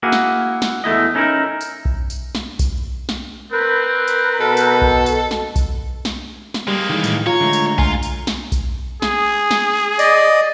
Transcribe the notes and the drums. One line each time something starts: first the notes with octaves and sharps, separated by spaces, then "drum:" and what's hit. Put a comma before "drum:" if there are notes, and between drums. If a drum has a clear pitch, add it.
A#3 E4 F#4 G#4
drum: snare
drum: snare
E2 A3 E4 D#5
C#4 D#4 E4 G4 A#4
drum: tambourine
drum: kick B1
drum: tambourine
drum: snare
drum: kick B1, tambourine
drum: snare
C4 A#4 B4
drum: tambourine
B2 A4
drum: tambourine
drum: kick B1
drum: tambourine
drum: snare
drum: kick B1, tambourine
drum: snare
drum: snare
G3 G#3 A#3
D#3 E3 G#4
A2, drum: tambourine
F4 C#5 A#5
D3 G#3 A3
drum: tambourine
F4 G#5, drum: kick B1
drum: tambourine
drum: snare
drum: kick B1, tambourine
G#4, drum: snare
drum: snare
D5 D#5, drum: tambourine